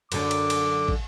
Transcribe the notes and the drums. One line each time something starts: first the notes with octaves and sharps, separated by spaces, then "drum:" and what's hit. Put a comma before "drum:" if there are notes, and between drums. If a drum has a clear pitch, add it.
F#2 D3 D4 D6, drum: cymbal
drum: cymbal
drum: cymbal
drum: kick